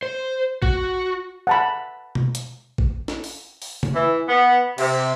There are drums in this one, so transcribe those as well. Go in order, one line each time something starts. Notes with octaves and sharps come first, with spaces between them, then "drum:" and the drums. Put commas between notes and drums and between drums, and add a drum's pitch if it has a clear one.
C5
F#4, drum: kick A1
F#5 A5 B5
drum: tom B2
drum: hi-hat
drum: kick A1
drum: snare
drum: open hi-hat
drum: open hi-hat
drum: tom C#3
E3
B3
C3, drum: cymbal